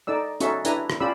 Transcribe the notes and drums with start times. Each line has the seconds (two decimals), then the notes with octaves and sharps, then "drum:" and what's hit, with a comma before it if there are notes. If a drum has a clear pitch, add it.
0.07 D#4 A4 D5 E6
0.40 C#4 D#4 F#4 A4 E5 C#6, drum: hi-hat
0.65 D4 E4 G4 B4 G#5 A#5, drum: hi-hat
0.90 drum: rim click
1.00 C#4 F4 G4 D5 B5 E6